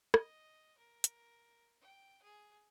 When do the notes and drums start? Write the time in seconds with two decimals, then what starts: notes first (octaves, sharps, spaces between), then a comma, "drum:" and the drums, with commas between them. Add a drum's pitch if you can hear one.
0.14 D#5, drum: rim click
0.78 A#4
1.04 drum: hi-hat
1.81 G5
2.23 G#4